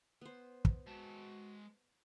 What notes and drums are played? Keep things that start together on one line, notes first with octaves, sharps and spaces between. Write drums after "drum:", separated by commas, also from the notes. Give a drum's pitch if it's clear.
B3 C5
drum: kick
G#3 F#4 A5